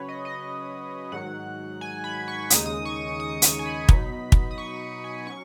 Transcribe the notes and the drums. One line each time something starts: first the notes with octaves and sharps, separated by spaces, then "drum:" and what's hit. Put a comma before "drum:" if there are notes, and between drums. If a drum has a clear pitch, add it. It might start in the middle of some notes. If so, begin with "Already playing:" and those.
Already playing: C#3 F#3 C#4 B4 C#5
D#5
D#5
G#2 D#3 F#3 F#5
G#5
B5
C#6
D#2 C#3 G#3 D#4 D#6, drum: hi-hat
D#6
C#6
D#6
C#6, drum: hi-hat
G#5
B5
B2 F#3 D#4, drum: kick
drum: kick
D#6
C#6
G#5
F#3 C#4 C#6